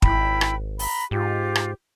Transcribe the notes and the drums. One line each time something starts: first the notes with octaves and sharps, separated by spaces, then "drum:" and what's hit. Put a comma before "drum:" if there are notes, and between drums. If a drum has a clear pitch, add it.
G#1 E4 G5 B5, drum: kick
drum: rim click
A#5 B5, drum: open hi-hat
G#2 F4 G4
drum: rim click